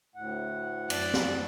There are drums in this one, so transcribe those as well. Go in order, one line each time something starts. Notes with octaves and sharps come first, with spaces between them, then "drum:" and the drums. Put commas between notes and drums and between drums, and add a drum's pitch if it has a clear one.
D2 A2 F#5
F#2 D5 A5, drum: cymbal
drum: snare